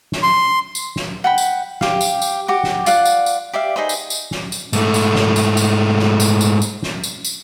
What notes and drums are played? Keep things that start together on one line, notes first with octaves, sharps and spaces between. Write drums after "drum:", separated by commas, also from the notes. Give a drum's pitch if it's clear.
drum: snare
C6
drum: tambourine
drum: snare
F#5 G5 B5
drum: tambourine
G4 F5, drum: snare
drum: tambourine
drum: tambourine
F#4 G4 D6
drum: snare
F4 D5 F5 F#5, drum: tambourine
drum: tambourine
drum: tambourine
G4 D5 E5 F5
D#4 G#4 B4 C5
drum: tambourine
drum: tambourine
drum: snare
drum: tambourine
G#2 A3, drum: tambourine
drum: tambourine
drum: snare
drum: tambourine
drum: tambourine
drum: snare
drum: tambourine
drum: tambourine
drum: tambourine
drum: snare
drum: tambourine
drum: tambourine